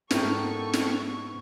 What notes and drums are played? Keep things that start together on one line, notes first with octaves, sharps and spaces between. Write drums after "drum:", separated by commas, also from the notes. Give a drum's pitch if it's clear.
G#2 B3 E4 A4 A#4 E5 G5 C#6, drum: snare
drum: snare